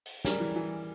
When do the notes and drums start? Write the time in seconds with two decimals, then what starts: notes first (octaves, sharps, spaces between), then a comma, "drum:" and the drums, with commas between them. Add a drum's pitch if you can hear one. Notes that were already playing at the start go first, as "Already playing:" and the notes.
0.06 drum: open hi-hat
0.25 G3 G#4 A#4, drum: snare
0.40 E3
0.56 E3